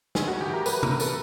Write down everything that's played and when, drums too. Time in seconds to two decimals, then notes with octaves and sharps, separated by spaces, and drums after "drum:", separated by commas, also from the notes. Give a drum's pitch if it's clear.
0.15 A2 G#4, drum: snare
0.28 F#4
0.41 E3 G4
0.53 A#4
0.66 F#2 B4, drum: tambourine
0.83 A#4, drum: tom
0.91 C#3 E3
1.00 A4, drum: tambourine